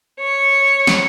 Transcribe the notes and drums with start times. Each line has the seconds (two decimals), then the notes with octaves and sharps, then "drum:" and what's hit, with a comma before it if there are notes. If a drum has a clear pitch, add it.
0.19 C#5
0.87 drum: snare